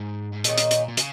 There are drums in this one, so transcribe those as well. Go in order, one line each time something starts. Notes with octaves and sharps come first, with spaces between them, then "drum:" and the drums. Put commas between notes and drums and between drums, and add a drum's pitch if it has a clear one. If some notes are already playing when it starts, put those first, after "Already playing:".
Already playing: G#2
G#2
A#2 D#3 C#4 G#4 D#5, drum: hi-hat
drum: hi-hat
drum: hi-hat
A#2
C#3, drum: hi-hat